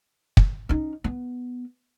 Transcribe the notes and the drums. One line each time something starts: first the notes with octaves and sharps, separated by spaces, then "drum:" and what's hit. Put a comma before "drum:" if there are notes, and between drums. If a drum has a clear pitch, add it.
drum: kick
C#4 D#4
B3